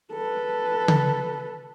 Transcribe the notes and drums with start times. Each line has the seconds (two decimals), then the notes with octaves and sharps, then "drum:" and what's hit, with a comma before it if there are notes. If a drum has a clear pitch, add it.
0.12 A4 B4
0.88 drum: tom C#3